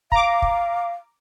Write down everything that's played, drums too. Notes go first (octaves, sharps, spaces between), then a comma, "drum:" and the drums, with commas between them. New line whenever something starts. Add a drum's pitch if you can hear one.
F5 A#5 D6, drum: kick
drum: kick